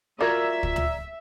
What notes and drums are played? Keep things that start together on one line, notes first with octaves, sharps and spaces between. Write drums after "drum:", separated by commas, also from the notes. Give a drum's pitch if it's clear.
F4 F#4 A#4 D5 E5 A#5 G#6
drum: kick
drum: tom